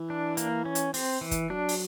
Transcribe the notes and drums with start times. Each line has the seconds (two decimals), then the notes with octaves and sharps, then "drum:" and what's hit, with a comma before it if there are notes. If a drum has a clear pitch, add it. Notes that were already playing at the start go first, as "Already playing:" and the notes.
Already playing: E3
0.10 D4
0.37 A#3, drum: hi-hat
0.65 C#4
0.75 drum: hi-hat
0.94 C4, drum: open hi-hat
1.21 E3
1.31 drum: kick, hi-hat
1.50 F#3 D4
1.69 drum: open hi-hat